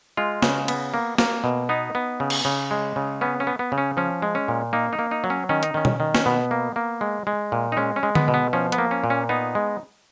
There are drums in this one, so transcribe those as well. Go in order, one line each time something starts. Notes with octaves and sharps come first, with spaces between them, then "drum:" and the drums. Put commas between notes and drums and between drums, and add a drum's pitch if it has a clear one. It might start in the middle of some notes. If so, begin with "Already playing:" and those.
G#3 F4
C#3, drum: snare
B3, drum: cymbal
A#3
A#3, drum: snare
B2
B3 D#4
B3
C#3
drum: cymbal
C#3
G#3
C#3
B3 C#4
C#4
B3
B3
C#3
C#4
F3 C#4
G#3
C#4
A#2
A#3 D#4
D#4
A#3
D#4
F#3
C#4
D#3 C#4
D#4, drum: hi-hat
D#3 C#4
drum: tom B2
D#3
C#4, drum: snare
B2 B3
A#3
A#3
G#3
G#3
A#2
D#4
G#3 C#4
C#4
G#3
B3, drum: tom
B2
B3
F3 C#4
B3, drum: hi-hat
A#3
C#4
A#2
C#4
B3 D#4
G#3